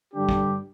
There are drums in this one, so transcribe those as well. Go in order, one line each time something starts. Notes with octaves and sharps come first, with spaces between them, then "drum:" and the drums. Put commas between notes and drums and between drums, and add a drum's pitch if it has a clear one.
G2 D3 G3 D4 G4
drum: kick